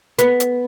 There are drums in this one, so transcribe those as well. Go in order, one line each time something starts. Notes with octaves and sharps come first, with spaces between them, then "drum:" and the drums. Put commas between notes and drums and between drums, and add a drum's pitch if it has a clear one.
B3, drum: hi-hat
drum: hi-hat